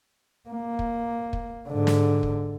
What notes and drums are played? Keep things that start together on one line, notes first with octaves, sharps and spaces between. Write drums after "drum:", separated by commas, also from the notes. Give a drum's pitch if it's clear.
A#3
drum: kick
drum: kick
G#2 D3
drum: snare
drum: kick